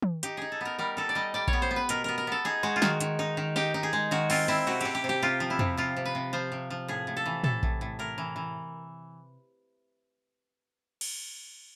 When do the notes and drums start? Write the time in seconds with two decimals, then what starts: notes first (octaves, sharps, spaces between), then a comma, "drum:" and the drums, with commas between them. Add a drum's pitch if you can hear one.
0.02 drum: tom
0.23 D#4 G4, drum: hi-hat
0.37 D#4 G#4
0.52 A4
0.61 B3 A#4
0.78 G3 A#4
0.97 D#4 A4
1.09 D5
1.15 G3 D#5
1.34 G3 D5
1.48 C#5, drum: kick A#1
1.53 B3
1.62 C5
1.71 B3
1.76 B4
1.89 B2 A#4, drum: hi-hat
2.04 B3 A#4
2.18 A#4
2.27 B3 A4
2.45 D#4 G#4
2.63 G#3 F#4
2.76 F4
2.82 D#3 F#4, drum: snare
3.00 D#3, drum: hi-hat
3.19 D#4
3.37 D#3
3.56 D#4 G4
3.74 D#4
3.83 G#4
3.93 G#3
4.11 D#3 F#4
4.30 C4 F4, drum: cymbal
4.48 C4 E4
4.67 C3 F#4
4.81 C3 G4, drum: cymbal
4.95 G4
5.04 C3
5.09 G4
5.22 C3 F4
5.40 F3
5.50 E4
5.59 C3, drum: tom
5.77 C3 F4
5.96 C3
6.05 B4
6.15 C3
6.33 F3 C5
6.52 C3
6.70 F3
6.88 A2 G#4
7.07 A2
7.17 A4
7.26 E3
7.44 A2 A4, drum: tom
7.63 A2, drum: kick A#1
7.81 A2
7.99 A2 A#4
8.18 E3
8.36 E3
11.01 drum: cymbal